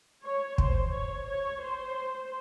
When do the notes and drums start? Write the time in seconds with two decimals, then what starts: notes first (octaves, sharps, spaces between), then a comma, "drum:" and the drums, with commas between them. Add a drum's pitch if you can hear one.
0.24 C#5
0.58 C5, drum: kick
0.92 C#5
1.28 C#5
1.62 C5